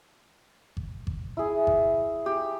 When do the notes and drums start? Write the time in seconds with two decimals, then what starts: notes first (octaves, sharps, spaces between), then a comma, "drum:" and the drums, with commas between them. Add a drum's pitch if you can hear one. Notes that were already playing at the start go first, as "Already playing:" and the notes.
0.77 drum: kick G#1
1.07 drum: kick G#1
1.37 E4 G#4
1.67 drum: kick G#1
2.26 G4